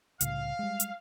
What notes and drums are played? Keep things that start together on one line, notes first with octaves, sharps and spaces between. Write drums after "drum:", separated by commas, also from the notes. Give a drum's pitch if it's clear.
C2 A2 C#3 F5, drum: hi-hat
G3 G#3
drum: hi-hat